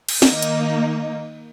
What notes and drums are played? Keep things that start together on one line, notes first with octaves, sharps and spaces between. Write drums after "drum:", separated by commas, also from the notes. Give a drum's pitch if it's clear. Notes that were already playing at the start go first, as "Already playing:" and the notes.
drum: cymbal
D#3 A#3 D#4, drum: snare
drum: hi-hat